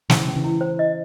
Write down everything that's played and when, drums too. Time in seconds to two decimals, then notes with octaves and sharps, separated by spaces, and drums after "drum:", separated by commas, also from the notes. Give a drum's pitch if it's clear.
0.10 C#3 E3 C5, drum: snare
0.27 C#4
0.36 C#3 E3
0.44 E4
0.61 C5
0.79 D#5